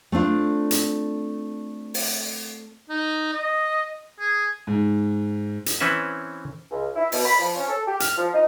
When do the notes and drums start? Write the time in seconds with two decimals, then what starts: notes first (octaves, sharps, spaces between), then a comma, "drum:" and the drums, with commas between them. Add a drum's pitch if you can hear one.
0.12 A3 C4 D4 F4
0.71 drum: hi-hat
1.94 drum: open hi-hat
2.89 D#4
3.32 D#5
4.20 G#4
4.67 G#2
5.66 drum: hi-hat
5.80 E3 C4 C#4 B4 E5
6.71 C#2
6.96 E4
7.12 B2, drum: open hi-hat
7.26 B5
7.39 F3
7.56 C#4
7.69 A4
7.87 G4
8.00 F6, drum: hi-hat
8.17 F3
8.34 D#4